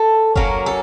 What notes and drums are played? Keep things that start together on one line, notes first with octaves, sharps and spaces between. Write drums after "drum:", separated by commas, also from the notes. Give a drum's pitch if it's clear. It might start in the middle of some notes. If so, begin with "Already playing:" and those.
Already playing: A4
F#3 A#3 C#4, drum: kick F#1
A4